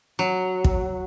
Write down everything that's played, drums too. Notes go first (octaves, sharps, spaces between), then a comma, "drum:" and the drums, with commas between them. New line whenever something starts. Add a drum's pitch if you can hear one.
F#3
drum: kick